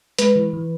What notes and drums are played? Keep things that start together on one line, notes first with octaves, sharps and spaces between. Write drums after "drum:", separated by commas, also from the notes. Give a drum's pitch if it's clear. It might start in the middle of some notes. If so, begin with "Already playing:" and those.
G#3 B4, drum: hi-hat
E3
E3